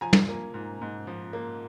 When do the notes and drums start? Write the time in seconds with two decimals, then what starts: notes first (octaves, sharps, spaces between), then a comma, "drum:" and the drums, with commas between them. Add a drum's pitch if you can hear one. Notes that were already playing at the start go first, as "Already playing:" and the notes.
0.01 F3 G#5 A#5
0.13 drum: tom
0.29 A#3
0.54 G#2
0.82 G#2
1.07 F3
1.33 A#3